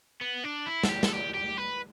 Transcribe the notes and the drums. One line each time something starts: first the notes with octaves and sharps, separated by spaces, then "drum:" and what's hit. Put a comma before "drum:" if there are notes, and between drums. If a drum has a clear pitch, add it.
B3
D4
E4
A4, drum: snare
G4
A4, drum: snare
G4
G4
B4